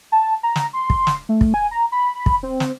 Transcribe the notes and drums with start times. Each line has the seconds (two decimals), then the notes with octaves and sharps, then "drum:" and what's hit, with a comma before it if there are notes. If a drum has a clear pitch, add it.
0.12 A5
0.43 A#5
0.56 drum: snare
0.73 C6
0.90 drum: kick
1.07 drum: snare
1.29 A3
1.41 drum: kick
1.54 G#5
1.71 A#5
1.92 B5
2.26 drum: kick
2.43 C4
2.60 drum: snare